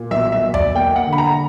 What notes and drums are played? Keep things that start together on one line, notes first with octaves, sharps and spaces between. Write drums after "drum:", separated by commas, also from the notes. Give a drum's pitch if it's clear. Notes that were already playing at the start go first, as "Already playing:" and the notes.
Already playing: A#2
B1 E5
E5
B1
D5, drum: tom E2
A#3 G5
F#5
D3
B5
A#5